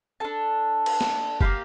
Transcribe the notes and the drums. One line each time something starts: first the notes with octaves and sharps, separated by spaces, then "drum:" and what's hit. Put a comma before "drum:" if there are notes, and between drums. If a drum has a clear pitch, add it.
D4 A4 A5
drum: cymbal
drum: snare
A#3 E4 G4 F5, drum: kick F#1